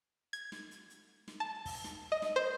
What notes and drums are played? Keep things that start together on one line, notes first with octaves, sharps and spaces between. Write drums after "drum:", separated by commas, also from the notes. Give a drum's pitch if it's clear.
G#6, drum: hi-hat
drum: snare
drum: hi-hat
drum: hi-hat
drum: snare
A5
drum: kick, open hi-hat
drum: snare
D#5
drum: snare
C5